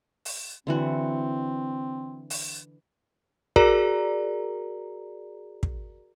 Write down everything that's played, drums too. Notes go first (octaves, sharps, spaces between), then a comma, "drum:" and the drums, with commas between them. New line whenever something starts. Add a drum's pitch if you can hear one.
drum: open hi-hat
D3 E3 C4 F#4
drum: open hi-hat
F#4 G#4 A#4 D5 A#5, drum: kick
drum: kick